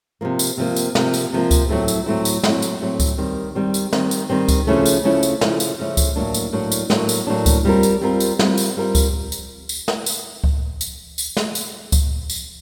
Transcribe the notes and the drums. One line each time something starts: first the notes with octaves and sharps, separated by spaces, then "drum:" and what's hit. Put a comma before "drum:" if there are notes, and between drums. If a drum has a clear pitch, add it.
C3 F3 A#3
drum: tambourine
C3 F3 A#3
drum: tambourine
C3 F3 A#3, drum: snare
drum: tambourine
C3 F3 A#3
drum: kick C#2, tambourine
A2 F#3 A3 C4 E4
drum: tambourine
A2 F#3 A3 C4 E4
drum: tambourine
A2 F#3 A3 C4 E4, drum: snare
drum: tambourine
A2 F#3 A3 C4 E4
drum: kick C#2, tambourine
D#3 G3 C4
D#3 G3 C4
drum: tambourine
D#3 G3 C4, drum: snare
drum: tambourine
D#3 G3 C4
drum: kick C#2, tambourine
C#3 F3 A3 C#4 E4
drum: tambourine
C#3 F3 A3 C#4 E4
drum: tambourine
C#3 F3 A3 C#4 E4, drum: snare
drum: tambourine
C#3 F3 A3 C#4 E4
drum: kick C#2, tambourine
A2 F#3 A#3 D4
drum: tambourine
A2 F#3 A#3 D4
drum: tambourine
A2 F#3 A#3 D4, drum: snare
drum: tambourine
A2 F#3 A#3 D4
drum: kick C#2, tambourine
G3 C4 F4 A#4
drum: tambourine
G3 C4 F4 A#4
drum: tambourine
G3 C4 F4 A#4, drum: snare
drum: tambourine
G3 C4 F4 A#4
drum: kick C#2, tambourine
drum: tambourine
drum: tambourine
drum: snare
drum: tambourine
drum: kick C#2
drum: tambourine
drum: tambourine
drum: snare
drum: tambourine
drum: kick C#2, tambourine
drum: tambourine